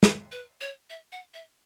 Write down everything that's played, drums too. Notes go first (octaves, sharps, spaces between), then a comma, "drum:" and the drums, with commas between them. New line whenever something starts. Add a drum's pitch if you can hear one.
B4, drum: snare
B4
C#5
E5
F#5
E5